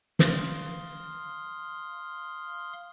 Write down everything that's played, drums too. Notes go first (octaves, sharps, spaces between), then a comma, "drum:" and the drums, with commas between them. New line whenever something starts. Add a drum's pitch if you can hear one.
F5 C6 D#6 F6, drum: snare